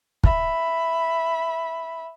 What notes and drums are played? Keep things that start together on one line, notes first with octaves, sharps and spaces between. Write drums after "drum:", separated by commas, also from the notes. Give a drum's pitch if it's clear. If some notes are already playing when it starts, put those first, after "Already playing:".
E5 B5, drum: kick